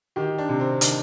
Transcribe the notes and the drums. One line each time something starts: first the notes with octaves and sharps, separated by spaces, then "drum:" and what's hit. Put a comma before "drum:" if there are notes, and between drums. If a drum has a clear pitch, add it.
D#3 G4
D4
C3
C4
D#3 D4, drum: hi-hat